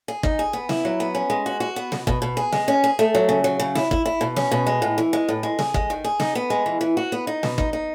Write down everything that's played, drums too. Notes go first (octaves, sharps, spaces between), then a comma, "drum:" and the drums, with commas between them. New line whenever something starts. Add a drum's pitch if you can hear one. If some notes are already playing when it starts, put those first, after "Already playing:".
G#4
D#4, drum: kick
G#4
B3
E4, drum: snare
F#3
B3
C#4
G#3
F#4
F#4
B3
B2, drum: snare
B2, drum: kick
B2
G#4
G#3, drum: snare
C#4
G#4
A3
F#3
C#3
F#3
C#3
E4, drum: snare
E4, drum: kick
E4
B2
C#4, drum: snare
B2
G#3
A2
E3
G#3
A2
G#3
G#4, drum: snare
G#3, drum: kick
D#3
G#4
D#4, drum: snare
B3
G#3
E3
E3
F#4
B3
D#4
B2, drum: snare
D#4, drum: kick
D#4